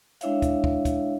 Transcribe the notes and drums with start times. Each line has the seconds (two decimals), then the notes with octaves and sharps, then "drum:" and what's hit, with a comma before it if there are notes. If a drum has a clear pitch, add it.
0.21 G#3 D4 E4 C#5 E5 F5, drum: hi-hat
0.42 drum: kick, hi-hat
0.64 drum: kick
0.85 drum: kick, hi-hat